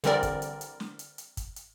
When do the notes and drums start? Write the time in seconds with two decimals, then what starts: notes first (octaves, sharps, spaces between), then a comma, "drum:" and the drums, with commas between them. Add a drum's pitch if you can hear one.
0.04 D3 E3 G3 C4 A#4 D5, drum: hi-hat
0.23 drum: kick, hi-hat
0.42 drum: hi-hat
0.61 drum: hi-hat
0.80 drum: snare
0.99 drum: hi-hat
1.18 drum: hi-hat
1.37 drum: kick, hi-hat
1.56 drum: hi-hat